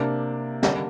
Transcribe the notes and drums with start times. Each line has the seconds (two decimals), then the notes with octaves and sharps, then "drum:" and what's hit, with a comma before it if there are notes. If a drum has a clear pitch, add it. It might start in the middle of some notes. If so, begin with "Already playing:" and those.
Already playing: C3 A#3 D4
0.63 D3 G3 A#3 D4, drum: snare